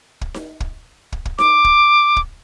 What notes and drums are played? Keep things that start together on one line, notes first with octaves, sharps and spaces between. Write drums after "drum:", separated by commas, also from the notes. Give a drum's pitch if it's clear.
drum: kick
drum: snare D#4
drum: kick
drum: kick
drum: kick
D6, drum: snare D#4
drum: kick
drum: kick